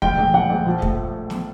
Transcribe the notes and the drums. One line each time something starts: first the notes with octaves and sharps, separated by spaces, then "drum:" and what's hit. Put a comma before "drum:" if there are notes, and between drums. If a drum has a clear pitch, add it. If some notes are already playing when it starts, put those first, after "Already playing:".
A#1 G5, drum: kick
A#1
A#1 F#5
A#1
F3
A3, drum: kick
drum: snare